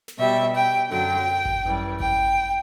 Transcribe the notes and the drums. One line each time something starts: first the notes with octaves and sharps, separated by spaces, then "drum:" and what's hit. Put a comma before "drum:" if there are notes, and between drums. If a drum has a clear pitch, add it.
drum: snare
B2 G3 E5
G5
F#2 D3 F#3 G5
drum: kick G#1
F#2 E3 G3
G5, drum: kick G#1